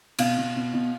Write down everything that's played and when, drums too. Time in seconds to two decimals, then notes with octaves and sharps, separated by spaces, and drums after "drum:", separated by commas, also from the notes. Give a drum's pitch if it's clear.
0.19 B2 F5, drum: cymbal
0.38 B2
0.56 B2
0.73 B2